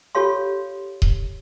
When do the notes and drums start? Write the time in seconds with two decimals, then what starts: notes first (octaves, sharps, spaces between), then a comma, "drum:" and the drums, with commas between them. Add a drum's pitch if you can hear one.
0.15 F4 G4 A4 C#5 F5 C6
1.02 drum: kick D#1